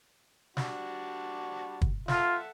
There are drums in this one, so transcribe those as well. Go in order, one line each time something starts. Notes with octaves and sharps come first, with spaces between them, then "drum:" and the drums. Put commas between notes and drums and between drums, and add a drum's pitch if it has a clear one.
G3 D4 F#4, drum: snare
drum: kick
F4 A4 E5 F#5, drum: snare